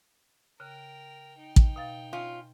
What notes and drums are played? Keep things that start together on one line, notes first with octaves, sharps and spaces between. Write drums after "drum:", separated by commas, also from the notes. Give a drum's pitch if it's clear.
C#3 A#4 G5 F#6
D#4 G5
drum: kick
B2 F5 A6
C#4 F4